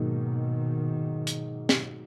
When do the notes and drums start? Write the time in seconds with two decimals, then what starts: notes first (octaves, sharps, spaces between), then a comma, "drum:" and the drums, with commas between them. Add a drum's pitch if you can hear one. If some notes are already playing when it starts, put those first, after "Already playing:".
Already playing: G#2 B2 D#3 F#3 A#3 D#4
1.27 drum: hi-hat
1.69 drum: snare